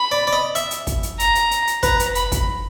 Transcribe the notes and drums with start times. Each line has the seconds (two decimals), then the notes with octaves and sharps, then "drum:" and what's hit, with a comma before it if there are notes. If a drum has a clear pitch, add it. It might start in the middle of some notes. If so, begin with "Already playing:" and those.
Already playing: B5
0.11 D5
0.27 D5
0.33 D#5
0.55 E5, drum: hi-hat
0.71 drum: hi-hat
0.87 drum: kick, hi-hat
1.03 drum: hi-hat
1.20 A#5, drum: hi-hat
1.35 drum: hi-hat
1.51 drum: hi-hat
1.67 drum: hi-hat
1.83 B4 A#5, drum: kick, hi-hat
2.00 drum: hi-hat
2.15 B5, drum: hi-hat
2.32 drum: kick, hi-hat